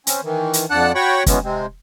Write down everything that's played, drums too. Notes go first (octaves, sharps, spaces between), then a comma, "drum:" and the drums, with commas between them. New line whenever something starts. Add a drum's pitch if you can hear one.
C4 C#4, drum: hi-hat
D#3 E3
drum: hi-hat
F2 D4 D5 F#5 A5 F#6
F#4 C#5 F#5 G5 B5 C#6
B2 E3 G#3 B3 C#4, drum: kick, hi-hat
C3 G#3 C4